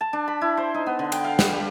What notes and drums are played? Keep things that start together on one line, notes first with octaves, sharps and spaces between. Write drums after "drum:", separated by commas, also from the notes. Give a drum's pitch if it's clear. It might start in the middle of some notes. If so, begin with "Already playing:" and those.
A5
D4
B5
E4
C5
D#4
B3
D3
G5, drum: cymbal
F5
B4, drum: snare
G3